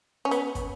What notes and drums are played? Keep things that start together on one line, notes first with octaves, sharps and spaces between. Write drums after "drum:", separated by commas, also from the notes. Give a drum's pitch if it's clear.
C#4
B3, drum: hi-hat
drum: kick, hi-hat